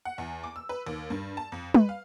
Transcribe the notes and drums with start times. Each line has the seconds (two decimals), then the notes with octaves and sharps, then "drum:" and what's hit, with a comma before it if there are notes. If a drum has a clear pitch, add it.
0.05 F#5
0.18 E2
0.44 D6
0.56 E6
0.69 B4
0.87 D#2
1.10 G2
1.37 A5
1.52 F2
1.74 B4, drum: tom
1.89 F5